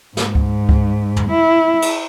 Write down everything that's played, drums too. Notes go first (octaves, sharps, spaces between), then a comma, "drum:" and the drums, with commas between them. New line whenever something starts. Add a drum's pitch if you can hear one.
G#2, drum: snare
drum: kick C#2
drum: kick C#2
drum: tom
E4
drum: cymbal